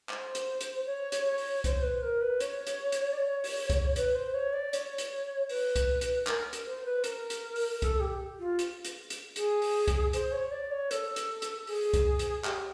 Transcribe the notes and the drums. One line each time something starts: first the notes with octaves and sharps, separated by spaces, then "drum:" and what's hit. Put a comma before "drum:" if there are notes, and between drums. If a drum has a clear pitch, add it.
C5, drum: clap
drum: hi-hat
drum: hi-hat
C#5
drum: hi-hat
C#5
drum: open hi-hat
C5, drum: kick C2, hi-hat
B4
A#4
B4
C#5, drum: hi-hat
drum: hi-hat
drum: hi-hat
D5
C#5
drum: open hi-hat
drum: kick C2, hi-hat
B4, drum: hi-hat
C5
C#5
D5
C#5, drum: hi-hat
drum: hi-hat
B4, drum: open hi-hat
drum: kick C2, hi-hat
drum: hi-hat
A#4, drum: clap
drum: hi-hat
C5
B4
A#4, drum: hi-hat
drum: hi-hat
drum: open hi-hat
A4, drum: kick C2, hi-hat
G4
F4
drum: hi-hat
drum: hi-hat
drum: hi-hat
G#4, drum: hi-hat
drum: open hi-hat
drum: kick C2, hi-hat
C5, drum: hi-hat
C#5
D5
C#5
A4, drum: hi-hat
drum: hi-hat
drum: hi-hat
G#4, drum: open hi-hat
drum: kick C2, hi-hat
drum: hi-hat
G4, drum: clap